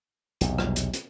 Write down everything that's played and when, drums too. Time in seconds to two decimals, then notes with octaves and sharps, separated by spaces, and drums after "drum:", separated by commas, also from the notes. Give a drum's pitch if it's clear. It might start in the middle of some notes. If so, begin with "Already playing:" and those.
0.41 B1 E2 C3, drum: hi-hat
0.58 drum: rim click
0.76 drum: hi-hat
0.94 drum: hi-hat